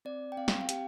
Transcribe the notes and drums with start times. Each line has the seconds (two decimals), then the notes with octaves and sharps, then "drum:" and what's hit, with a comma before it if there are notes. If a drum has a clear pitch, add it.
0.05 C4 D5
0.32 G5
0.37 C4 F5
0.48 drum: snare
0.61 F5
0.69 G4 G5, drum: hi-hat